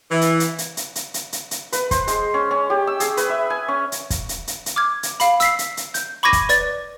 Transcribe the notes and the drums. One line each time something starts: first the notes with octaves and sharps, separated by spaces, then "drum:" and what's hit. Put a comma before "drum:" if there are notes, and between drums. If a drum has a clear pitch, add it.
E3
drum: hi-hat
drum: hi-hat
drum: hi-hat
drum: hi-hat
drum: hi-hat
drum: hi-hat
drum: hi-hat
drum: hi-hat
B4, drum: hi-hat
C5, drum: kick, hi-hat
G#3, drum: hi-hat
C#4
C#4
G4
E6
G#4, drum: hi-hat
B4, drum: hi-hat
E5
G#5
C#4
drum: hi-hat
drum: kick, hi-hat
drum: hi-hat
drum: hi-hat
drum: hi-hat
D6 F6 G#6
drum: hi-hat
F5 B5, drum: hi-hat
E6 B6 C7, drum: hi-hat
drum: hi-hat
drum: hi-hat
G6, drum: hi-hat
B5 C#6 D6 G#6 A#6 D#7
drum: kick, hi-hat
B4 D5 A6, drum: hi-hat